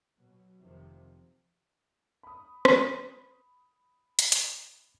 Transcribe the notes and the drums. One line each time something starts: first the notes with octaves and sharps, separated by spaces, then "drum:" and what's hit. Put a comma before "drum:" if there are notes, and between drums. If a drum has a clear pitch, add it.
B2 F#3
F1 F2 C3 D#3 F3 C4
B5 D#6
drum: rim click
drum: hi-hat
drum: hi-hat